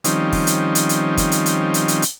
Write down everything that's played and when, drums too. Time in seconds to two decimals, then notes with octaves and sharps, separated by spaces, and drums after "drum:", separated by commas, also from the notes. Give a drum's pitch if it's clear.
0.04 D#3 F3 G3 C4 C#4 D#4, drum: hi-hat
0.33 drum: kick, open hi-hat
0.47 drum: hi-hat
0.75 drum: hi-hat
0.89 drum: hi-hat
1.17 drum: kick, hi-hat
1.32 drum: hi-hat
1.46 drum: hi-hat
1.74 drum: hi-hat
1.88 drum: hi-hat
2.02 drum: hi-hat